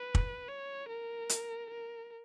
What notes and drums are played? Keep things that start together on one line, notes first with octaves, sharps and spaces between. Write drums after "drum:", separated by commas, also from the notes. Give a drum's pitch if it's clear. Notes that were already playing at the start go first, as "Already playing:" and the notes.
Already playing: B4
drum: kick
C#5
A#4
drum: hi-hat
A#4